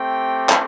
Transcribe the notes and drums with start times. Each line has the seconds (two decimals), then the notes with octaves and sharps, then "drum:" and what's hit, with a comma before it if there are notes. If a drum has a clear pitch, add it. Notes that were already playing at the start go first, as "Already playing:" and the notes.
Already playing: A3 C4 G4 G5
0.49 drum: clap